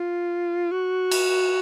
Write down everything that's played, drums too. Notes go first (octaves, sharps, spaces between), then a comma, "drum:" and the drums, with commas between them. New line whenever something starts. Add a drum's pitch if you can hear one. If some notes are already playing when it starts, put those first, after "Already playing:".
Already playing: F4
F#4
drum: cymbal